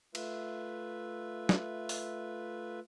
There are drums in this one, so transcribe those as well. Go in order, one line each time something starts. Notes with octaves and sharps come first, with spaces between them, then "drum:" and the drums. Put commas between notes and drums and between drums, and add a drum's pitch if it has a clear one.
A3 F4 B4 E5, drum: cymbal
drum: snare
drum: open hi-hat